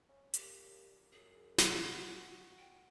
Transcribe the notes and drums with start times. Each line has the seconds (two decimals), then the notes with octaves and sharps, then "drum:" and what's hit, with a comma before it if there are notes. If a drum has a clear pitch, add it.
0.09 C#4
0.34 A#2 G4, drum: hi-hat
1.13 F#2 G#4
1.58 F#4 G#5, drum: snare
2.58 G5